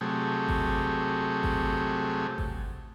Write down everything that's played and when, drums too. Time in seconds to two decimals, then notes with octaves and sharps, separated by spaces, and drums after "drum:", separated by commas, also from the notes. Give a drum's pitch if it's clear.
0.01 C3 F#3 A3 G4 G#4
0.48 drum: kick G#1
1.43 drum: kick G#1
2.38 drum: kick G#1